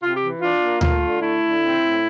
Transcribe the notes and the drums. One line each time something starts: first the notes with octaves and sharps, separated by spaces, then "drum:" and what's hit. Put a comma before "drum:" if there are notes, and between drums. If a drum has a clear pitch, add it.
C3 F4
G4
E3
D4 F4
A#3
A3 F4, drum: tom D2
D3
A3 E4
D3
C4
A2